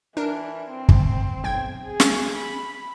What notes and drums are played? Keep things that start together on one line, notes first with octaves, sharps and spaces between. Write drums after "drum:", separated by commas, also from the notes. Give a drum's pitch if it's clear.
E3 D4 A#4 D7
C4
drum: kick
B1 G5 G#6
G#4
drum: snare
B5